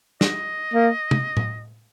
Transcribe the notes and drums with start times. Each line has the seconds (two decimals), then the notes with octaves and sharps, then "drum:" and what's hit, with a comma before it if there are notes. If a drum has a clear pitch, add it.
0.21 D#5, drum: snare
0.74 A#3
1.11 drum: tom
1.37 drum: tom A2